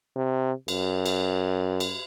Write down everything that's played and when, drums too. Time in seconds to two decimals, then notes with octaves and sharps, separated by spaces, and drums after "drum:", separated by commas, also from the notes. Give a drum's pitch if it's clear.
0.16 C3
0.68 F#2, drum: cymbal
1.06 drum: cymbal
1.80 drum: cymbal